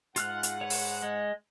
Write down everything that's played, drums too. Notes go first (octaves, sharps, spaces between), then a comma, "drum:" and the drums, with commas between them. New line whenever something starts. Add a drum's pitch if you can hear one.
G#2 F4 F#5 F6 F#6, drum: hi-hat
drum: hi-hat
B4 C#5
drum: open hi-hat
G#3